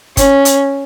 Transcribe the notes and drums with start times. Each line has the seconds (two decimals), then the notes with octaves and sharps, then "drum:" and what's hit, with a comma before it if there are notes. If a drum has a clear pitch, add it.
0.17 C#4, drum: kick G1, hi-hat
0.45 drum: hi-hat